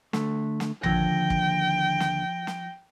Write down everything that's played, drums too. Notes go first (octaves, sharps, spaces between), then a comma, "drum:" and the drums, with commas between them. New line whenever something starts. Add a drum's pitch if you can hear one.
D3 A3, drum: snare
drum: snare
D#2 D3 F3 G5 A#6, drum: tom
drum: kick
drum: snare
drum: snare